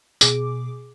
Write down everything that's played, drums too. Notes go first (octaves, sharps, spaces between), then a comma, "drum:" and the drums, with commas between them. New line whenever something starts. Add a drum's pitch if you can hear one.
B2 G#4 D6, drum: tambourine